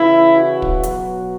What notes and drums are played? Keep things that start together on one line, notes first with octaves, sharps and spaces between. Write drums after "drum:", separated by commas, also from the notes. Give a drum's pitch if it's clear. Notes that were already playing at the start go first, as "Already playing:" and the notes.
Already playing: C#3 E3 E4
F#4
drum: kick
B2 F#3, drum: hi-hat